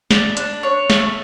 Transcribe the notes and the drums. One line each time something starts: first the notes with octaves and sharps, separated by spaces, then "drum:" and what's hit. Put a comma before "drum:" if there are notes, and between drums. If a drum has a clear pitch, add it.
D4, drum: snare
D4, drum: hi-hat
C#5
A3, drum: snare